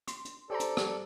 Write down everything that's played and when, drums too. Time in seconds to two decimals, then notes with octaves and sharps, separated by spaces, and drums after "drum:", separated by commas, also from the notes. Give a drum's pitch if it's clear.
0.07 C6, drum: hi-hat
0.25 drum: hi-hat
0.50 G4 A4 C5 D5 A#5
0.60 drum: hi-hat
0.77 G3 G4, drum: rim click